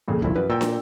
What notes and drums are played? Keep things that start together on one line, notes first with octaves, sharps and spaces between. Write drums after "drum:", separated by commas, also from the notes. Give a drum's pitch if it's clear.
F2 A#2 C#3
D#1 C2 D#3 F3 E4
F#2 B4
A#2 G5 E6
drum: snare